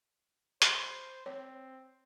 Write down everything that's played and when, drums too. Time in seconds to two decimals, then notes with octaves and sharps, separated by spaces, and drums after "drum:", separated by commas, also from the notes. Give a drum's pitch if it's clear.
0.62 C5 B5 C6, drum: hi-hat
1.26 C4 C#5